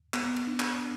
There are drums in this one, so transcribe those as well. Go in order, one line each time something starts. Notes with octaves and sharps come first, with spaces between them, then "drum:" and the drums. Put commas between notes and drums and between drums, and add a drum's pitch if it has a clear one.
B3, drum: clap
drum: cymbal
D4
drum: clap